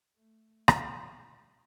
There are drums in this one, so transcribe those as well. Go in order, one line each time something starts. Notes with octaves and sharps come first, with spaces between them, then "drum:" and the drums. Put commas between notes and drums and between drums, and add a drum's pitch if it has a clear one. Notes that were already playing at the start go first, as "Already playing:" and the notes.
A3
B2, drum: rim click